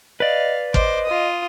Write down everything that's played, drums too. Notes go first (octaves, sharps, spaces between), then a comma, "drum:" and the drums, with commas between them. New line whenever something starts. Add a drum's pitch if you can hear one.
B4 D5 D#5 F5
C5 D#5 D6, drum: kick
F4 D#6